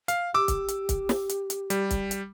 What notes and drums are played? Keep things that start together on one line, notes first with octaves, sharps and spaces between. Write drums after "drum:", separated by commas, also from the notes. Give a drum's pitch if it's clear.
F5, drum: hi-hat
G4 D6 E6
drum: kick, hi-hat
drum: hi-hat
drum: kick, hi-hat
drum: snare
drum: hi-hat
drum: hi-hat
G3, drum: hi-hat
drum: kick, hi-hat
drum: hi-hat